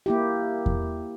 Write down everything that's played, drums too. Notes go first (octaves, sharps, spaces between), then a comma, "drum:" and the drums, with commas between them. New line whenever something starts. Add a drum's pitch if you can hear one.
A#3 E4 G4
drum: kick E2